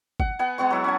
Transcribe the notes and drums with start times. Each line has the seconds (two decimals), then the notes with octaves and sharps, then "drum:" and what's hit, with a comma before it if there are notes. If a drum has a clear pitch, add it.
0.20 F#5, drum: kick
0.39 B3 F#5 G#5
0.58 G#3 B3 F#5 C#6
0.70 F#3 E4 G#4
0.84 C#4 G#5 A5